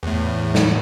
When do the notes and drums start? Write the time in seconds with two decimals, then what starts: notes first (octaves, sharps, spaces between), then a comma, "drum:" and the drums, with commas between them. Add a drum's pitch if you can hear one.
0.03 E2 A2
0.55 drum: snare